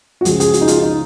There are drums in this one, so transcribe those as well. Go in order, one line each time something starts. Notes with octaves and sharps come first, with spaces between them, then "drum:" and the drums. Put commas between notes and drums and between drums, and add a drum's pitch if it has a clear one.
F#4
C#2 C#3 F3 G#4, drum: hi-hat
G#4, drum: hi-hat
F#4, drum: hi-hat
D#4
F4, drum: hi-hat
D#4